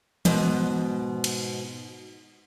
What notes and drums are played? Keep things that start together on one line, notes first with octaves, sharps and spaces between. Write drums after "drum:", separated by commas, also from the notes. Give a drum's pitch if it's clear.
G#2 B2, drum: tom E3
drum: cymbal